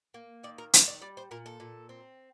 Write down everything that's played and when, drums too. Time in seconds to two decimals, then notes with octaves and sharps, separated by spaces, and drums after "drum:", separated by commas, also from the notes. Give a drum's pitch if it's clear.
0.14 A#3
0.43 D#3 D5
0.58 A#4
0.73 D#3 A4, drum: hi-hat
0.88 D5
1.02 G3 D5
1.17 C5
1.31 A#2 A#4
1.46 A4
1.60 A#2
1.89 C4